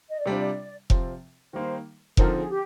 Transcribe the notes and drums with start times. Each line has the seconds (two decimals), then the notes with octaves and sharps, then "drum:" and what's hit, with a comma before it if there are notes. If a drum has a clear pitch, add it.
0.10 D#5
0.19 D5
0.26 C3 G3 D4 F4 C5
0.38 D5
0.90 C3 F3 C4 F4, drum: kick F1
1.53 D#3 G3 A#3 D#4 C5
2.17 D3 F3 C4 D#4 A#4, drum: kick F1
2.38 G#4
2.49 G4